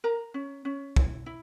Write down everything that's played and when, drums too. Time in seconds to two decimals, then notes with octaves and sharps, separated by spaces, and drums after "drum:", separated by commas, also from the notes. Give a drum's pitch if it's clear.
0.04 A#4 A#5
0.34 C#4
0.65 C#4
0.96 E4, drum: kick
1.26 E4